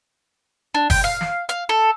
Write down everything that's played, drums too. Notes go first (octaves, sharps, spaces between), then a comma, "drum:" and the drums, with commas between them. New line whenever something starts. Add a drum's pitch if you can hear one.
D4
G5, drum: kick, open hi-hat
F5
drum: snare
F5, drum: hi-hat
A4